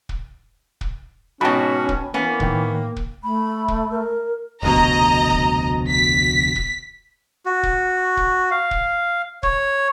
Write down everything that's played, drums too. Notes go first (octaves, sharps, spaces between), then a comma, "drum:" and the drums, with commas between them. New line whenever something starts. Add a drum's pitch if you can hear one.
drum: kick
drum: kick
G#2 B2 C#4 F#4 G5 A5 B5
drum: kick
E3 A#3 B3 C#4
A2 D#3 G5, drum: kick
drum: kick
A3 B5
drum: kick
A#4
F1 D2 B2 D#5 A#5
drum: kick
drum: kick
B6
drum: kick
F#4
drum: kick
drum: kick
F5
drum: kick
C#5, drum: kick